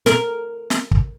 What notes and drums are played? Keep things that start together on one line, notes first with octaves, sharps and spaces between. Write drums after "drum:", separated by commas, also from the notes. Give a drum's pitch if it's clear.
A#4, drum: snare
drum: snare
drum: kick